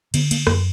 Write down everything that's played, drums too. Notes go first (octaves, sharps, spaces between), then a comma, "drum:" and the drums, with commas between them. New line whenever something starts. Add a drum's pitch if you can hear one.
D3 B3, drum: cymbal
A#3, drum: cymbal
F#2 A#3, drum: rim click